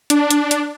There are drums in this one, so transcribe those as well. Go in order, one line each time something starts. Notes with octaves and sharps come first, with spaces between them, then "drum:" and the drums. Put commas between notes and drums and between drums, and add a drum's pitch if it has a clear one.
D4, drum: hi-hat
drum: hi-hat
drum: hi-hat